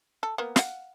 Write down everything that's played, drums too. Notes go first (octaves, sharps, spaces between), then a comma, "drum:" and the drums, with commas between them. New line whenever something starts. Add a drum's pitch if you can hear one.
A4
A#3 B3
F5 F#5, drum: snare